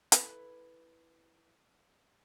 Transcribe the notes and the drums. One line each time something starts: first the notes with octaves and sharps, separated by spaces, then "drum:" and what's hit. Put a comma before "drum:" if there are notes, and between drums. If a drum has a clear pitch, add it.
E4 A4 B4, drum: hi-hat